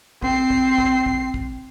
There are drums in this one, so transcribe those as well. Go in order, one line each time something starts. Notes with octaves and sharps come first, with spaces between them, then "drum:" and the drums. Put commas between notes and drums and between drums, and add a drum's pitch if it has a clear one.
C4 C7, drum: kick
drum: kick
drum: kick
drum: kick
drum: kick